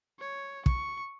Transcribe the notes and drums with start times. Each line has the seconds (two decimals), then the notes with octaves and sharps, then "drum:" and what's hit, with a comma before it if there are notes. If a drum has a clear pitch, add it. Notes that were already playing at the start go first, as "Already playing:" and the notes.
0.19 C#5
0.66 C#6, drum: kick